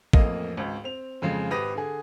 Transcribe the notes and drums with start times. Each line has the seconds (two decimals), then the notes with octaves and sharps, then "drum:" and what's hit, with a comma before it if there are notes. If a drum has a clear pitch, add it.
0.13 A1 F2 A#3 D#5 F5, drum: kick A1
0.57 G#1 C#2
0.84 C4 F7
1.22 F2 C#3 G#3 F4 C7
1.50 G#1 G4 B4 D#6 A#6
1.75 D3 G#4